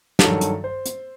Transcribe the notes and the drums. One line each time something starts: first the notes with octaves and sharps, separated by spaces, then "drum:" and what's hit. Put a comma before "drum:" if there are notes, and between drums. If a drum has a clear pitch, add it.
G2 D#3 F#3 A4, drum: snare
drum: hi-hat
C5
drum: hi-hat